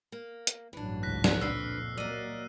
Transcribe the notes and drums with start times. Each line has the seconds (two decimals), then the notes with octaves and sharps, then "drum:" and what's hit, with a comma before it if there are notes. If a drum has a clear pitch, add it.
0.12 A#3
0.47 drum: hi-hat
0.73 A1 G2 E3 F#3 D4
1.03 C#2 G#2 F#6 A#6 B6
1.24 drum: snare
1.41 F2 A#2 D4 B4 E6 F6 C7
1.98 F#3 A#3 D5 D#5 E6 D#7